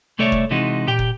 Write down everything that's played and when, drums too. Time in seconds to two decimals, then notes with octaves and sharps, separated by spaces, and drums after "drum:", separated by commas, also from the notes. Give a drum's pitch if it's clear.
0.19 C2 A3 A4 C#5 D5 E5
0.32 drum: kick
0.51 C3 E3 G#3 D#4 F#4
0.87 A#2 G4 G5
0.99 drum: kick